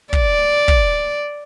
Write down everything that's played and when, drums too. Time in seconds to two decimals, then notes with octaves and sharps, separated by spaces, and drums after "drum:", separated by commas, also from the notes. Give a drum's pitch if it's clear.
0.13 D5, drum: kick
0.68 drum: kick